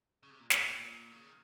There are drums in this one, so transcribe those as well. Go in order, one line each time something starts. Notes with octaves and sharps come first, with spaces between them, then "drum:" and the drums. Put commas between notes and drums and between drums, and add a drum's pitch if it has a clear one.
C#3
C3
A#2
A#2, drum: snare
A#2
C#3
D#3